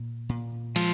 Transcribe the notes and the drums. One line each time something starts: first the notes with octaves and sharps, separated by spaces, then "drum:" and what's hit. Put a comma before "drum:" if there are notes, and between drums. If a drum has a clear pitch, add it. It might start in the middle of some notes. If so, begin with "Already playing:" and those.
Already playing: A#2
A#2
F3 G#3, drum: cymbal